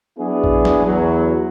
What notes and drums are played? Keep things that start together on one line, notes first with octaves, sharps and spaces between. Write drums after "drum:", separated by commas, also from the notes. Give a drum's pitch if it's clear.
F#3 B3 D4 E4 F#4 G#4
drum: kick A1
drum: snare G3
E2 F#3